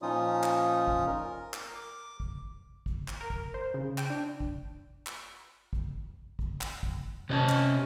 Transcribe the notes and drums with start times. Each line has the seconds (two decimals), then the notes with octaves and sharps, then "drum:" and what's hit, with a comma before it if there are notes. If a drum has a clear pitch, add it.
0.02 A#2 F3 C#4 D#4 F4 D#6
0.43 drum: clap
0.88 drum: kick
1.07 A#4
1.54 drum: clap
1.75 D6
2.20 drum: kick
2.86 drum: kick
3.08 drum: clap
3.21 A#4
3.30 drum: kick
3.54 C5
3.74 C#3
3.98 G5, drum: clap
4.10 D4
4.40 drum: kick
5.07 drum: clap
5.73 drum: kick
6.39 drum: kick
6.61 drum: clap
6.83 drum: kick
7.30 C3 C#4 D5 A5
7.49 drum: clap